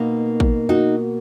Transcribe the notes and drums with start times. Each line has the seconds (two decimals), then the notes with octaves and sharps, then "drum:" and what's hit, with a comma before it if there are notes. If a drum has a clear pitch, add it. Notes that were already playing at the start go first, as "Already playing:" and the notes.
Already playing: B2 A#3 D#4
0.40 drum: kick
0.69 D#4 F#4